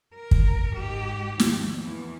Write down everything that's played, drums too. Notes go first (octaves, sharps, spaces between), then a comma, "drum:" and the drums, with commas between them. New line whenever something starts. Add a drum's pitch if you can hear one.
A#4
drum: kick
G#2 G4
D#2 F3, drum: snare
E2 E3